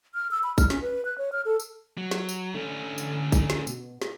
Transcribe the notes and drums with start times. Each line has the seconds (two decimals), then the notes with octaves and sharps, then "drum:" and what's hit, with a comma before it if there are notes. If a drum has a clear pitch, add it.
0.15 F6
0.31 E6
0.43 B5
0.58 F6, drum: kick A#1, tambourine
0.70 C#4, drum: snare
0.82 B4
1.05 F#6
1.18 C#5
1.32 F6
1.45 A4
1.60 drum: tambourine
1.98 F#3
2.11 drum: snare
2.29 drum: tambourine
2.54 D3 A3 C#4
2.98 drum: tambourine
3.32 drum: kick A#1, tambourine
3.50 drum: snare
3.67 B2, drum: tambourine
4.02 drum: snare